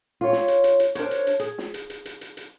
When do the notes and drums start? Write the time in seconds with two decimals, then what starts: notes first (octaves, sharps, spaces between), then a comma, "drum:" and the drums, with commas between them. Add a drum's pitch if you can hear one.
0.21 F4 C#5
0.32 drum: snare
0.48 drum: hi-hat
0.64 drum: hi-hat
0.80 drum: hi-hat
0.95 D4 A#4 C5 C#5, drum: hi-hat
1.11 drum: hi-hat
1.27 drum: hi-hat
1.40 G#4, drum: hi-hat
1.58 drum: snare
1.74 drum: hi-hat
1.90 drum: hi-hat
2.05 drum: hi-hat
2.21 drum: hi-hat
2.37 drum: hi-hat